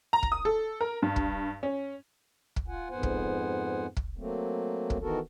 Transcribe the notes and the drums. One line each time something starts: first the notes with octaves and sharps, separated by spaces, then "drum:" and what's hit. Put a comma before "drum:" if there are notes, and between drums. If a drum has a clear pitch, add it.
A#5
drum: kick
D#6
A4
A#4
G2
drum: kick
C#4
drum: kick
F4 F#5 G#5
F2 G#2 B3 C5 F#5 G#5
drum: kick
drum: kick
F#3 A3 A#3 C4
drum: kick
D#3 E3 B3 F#4 A4 A#4